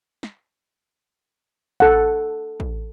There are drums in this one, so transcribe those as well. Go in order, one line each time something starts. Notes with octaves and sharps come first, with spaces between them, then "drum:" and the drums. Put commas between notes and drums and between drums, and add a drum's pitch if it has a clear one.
drum: snare
A4 F#5, drum: kick
drum: kick